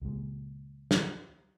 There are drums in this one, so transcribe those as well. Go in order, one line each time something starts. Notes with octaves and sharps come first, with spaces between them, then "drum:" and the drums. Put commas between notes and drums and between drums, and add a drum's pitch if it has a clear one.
C#2 A#2 G#3
drum: snare